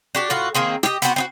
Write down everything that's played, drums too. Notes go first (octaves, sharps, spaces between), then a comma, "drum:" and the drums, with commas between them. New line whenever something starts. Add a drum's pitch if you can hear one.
D4 F#4 G4
A2 F4 F#4
D#3 A#3 C4 G#4
G4 D#5, drum: snare
B3 C4 F#4, drum: hi-hat
C4 D#4 F#4